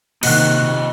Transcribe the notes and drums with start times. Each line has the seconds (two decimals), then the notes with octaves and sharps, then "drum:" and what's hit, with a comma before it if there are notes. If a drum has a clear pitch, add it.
0.23 C3 D#3 F3 A#3 F#4 D#5 F#6, drum: cymbal